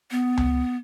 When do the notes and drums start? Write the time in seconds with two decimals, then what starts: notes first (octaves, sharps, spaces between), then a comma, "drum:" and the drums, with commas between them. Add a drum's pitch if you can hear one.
0.11 B3
0.37 drum: tom C#2